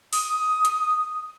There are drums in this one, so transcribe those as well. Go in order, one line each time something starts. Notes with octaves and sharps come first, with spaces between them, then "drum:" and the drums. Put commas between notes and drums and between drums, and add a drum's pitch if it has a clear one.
D#6, drum: open hi-hat
drum: hi-hat